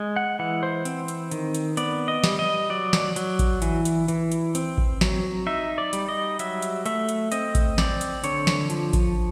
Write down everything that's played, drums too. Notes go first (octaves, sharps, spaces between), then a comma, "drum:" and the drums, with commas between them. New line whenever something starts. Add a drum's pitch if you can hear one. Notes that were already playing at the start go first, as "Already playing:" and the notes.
Already playing: G#3
F#5
E3 F#5
C5
C4, drum: hi-hat
drum: hi-hat
D#3, drum: hi-hat
drum: hi-hat
B3 D5, drum: hi-hat
D#5
G3, drum: snare
D#5
F#3 D5
drum: snare
F#3, drum: hi-hat
drum: kick A1, hi-hat
E3, drum: hi-hat
drum: hi-hat
E3, drum: hi-hat
drum: hi-hat
C4, drum: hi-hat
drum: kick A1
F#3, drum: snare
D#4 E5
D5
G3, drum: hi-hat
D#5
F#3 E5, drum: hi-hat
drum: hi-hat
A3 E5, drum: hi-hat
drum: hi-hat
C4 D#5, drum: hi-hat
drum: kick A1, hi-hat
C4 D5, drum: snare
drum: hi-hat
D3 C#5, drum: hi-hat
drum: snare
F3, drum: hi-hat
drum: kick A1, hi-hat